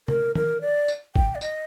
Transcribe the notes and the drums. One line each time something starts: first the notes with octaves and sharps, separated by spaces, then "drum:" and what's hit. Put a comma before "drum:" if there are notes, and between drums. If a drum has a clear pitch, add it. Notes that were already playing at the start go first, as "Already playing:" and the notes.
A#4, drum: tom
A#4, drum: tom D#3
D5
drum: tambourine
G5, drum: kick G#1
D5
D#5, drum: tambourine